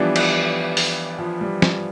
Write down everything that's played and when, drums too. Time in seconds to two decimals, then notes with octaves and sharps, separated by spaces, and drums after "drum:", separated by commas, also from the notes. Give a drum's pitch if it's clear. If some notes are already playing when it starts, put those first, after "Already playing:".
Already playing: E3 F3 G3 B3 D4
0.16 drum: cymbal
0.77 drum: open hi-hat
1.19 F3
1.41 G3
1.62 F3, drum: snare